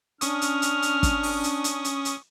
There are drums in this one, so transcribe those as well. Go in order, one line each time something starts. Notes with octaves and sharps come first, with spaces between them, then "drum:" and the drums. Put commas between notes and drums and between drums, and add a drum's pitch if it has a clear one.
C#4 D4 C#6 D#6 F6, drum: hi-hat
drum: hi-hat
drum: hi-hat
drum: hi-hat
drum: kick, hi-hat
drum: open hi-hat
drum: hi-hat
drum: hi-hat
drum: hi-hat
drum: hi-hat